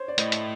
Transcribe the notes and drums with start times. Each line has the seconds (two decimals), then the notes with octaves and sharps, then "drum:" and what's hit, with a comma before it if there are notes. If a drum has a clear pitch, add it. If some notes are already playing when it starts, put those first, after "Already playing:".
Already playing: C5 C#5
0.08 D5
0.18 A2 D#5, drum: hi-hat
0.32 drum: hi-hat